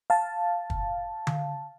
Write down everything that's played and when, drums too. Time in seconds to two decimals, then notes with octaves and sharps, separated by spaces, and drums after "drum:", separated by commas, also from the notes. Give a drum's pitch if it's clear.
0.10 F5 A5
0.70 drum: kick
1.27 drum: tom D3